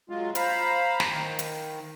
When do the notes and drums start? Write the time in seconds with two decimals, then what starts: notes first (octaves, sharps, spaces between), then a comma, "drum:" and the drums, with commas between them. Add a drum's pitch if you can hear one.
0.10 F#3 G#3 F4
0.35 C5 F5 A#5 B5, drum: hi-hat
1.00 drum: snare
1.10 D#3
1.39 drum: hi-hat